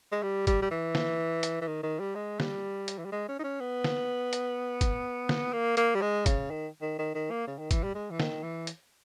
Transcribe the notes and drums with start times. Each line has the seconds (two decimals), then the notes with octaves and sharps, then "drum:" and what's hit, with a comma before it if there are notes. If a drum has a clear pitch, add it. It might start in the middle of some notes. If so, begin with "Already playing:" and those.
0.12 G#3
0.23 G3
0.47 G3, drum: kick, hi-hat
0.62 G3
0.71 E3
0.95 drum: snare
1.43 drum: hi-hat
1.61 E3
1.67 D#3
1.83 D#3
2.00 G3
2.15 G#3
2.40 G3, drum: snare
2.88 drum: hi-hat
2.99 E3
3.05 G3
3.12 G#3
3.28 C#4
3.39 D#4
3.44 C#4
3.60 B3
3.84 drum: snare
4.33 drum: hi-hat
4.81 drum: kick, hi-hat
5.29 drum: snare
5.53 A#3
5.77 A#3, drum: hi-hat
5.95 G3
6.02 G#3
6.26 C#3, drum: kick, hi-hat
6.51 D#3
6.82 D#3
6.99 D#3
7.15 D#3
7.30 A#3
7.47 C#3
7.59 D#3
7.71 E3, drum: kick, hi-hat
7.83 G3
7.95 G#3
8.10 E3
8.20 D#3, drum: snare
8.43 E3
8.67 drum: hi-hat